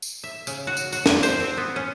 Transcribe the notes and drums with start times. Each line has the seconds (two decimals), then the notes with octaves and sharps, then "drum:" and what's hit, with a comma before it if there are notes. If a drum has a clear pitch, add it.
0.02 drum: tambourine
0.24 E5
0.47 C#3, drum: tambourine
0.67 F#4
0.77 drum: tambourine
0.92 F#4, drum: tambourine
1.06 G#5, drum: snare
1.23 C5, drum: tambourine
1.40 C4
1.57 B3
1.76 C#4